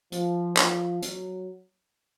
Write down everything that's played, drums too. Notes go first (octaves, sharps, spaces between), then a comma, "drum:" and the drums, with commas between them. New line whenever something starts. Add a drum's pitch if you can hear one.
F3, drum: hi-hat
F3, drum: clap
F#3, drum: hi-hat